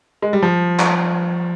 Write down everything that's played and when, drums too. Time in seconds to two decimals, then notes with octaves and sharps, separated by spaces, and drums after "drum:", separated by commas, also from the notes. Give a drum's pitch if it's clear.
0.22 G#3
0.33 G3
0.43 F3
0.79 drum: clap